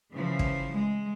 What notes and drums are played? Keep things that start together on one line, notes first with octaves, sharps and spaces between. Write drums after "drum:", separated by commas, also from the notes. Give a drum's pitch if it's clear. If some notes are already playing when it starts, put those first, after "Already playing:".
C#3 E3 F3
drum: kick
G#3